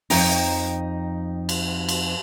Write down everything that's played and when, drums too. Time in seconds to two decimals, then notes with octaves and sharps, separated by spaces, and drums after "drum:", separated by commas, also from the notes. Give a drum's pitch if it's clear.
0.10 F2 D#4 D#5 G5 A#5, drum: open hi-hat
1.49 drum: cymbal
1.89 drum: cymbal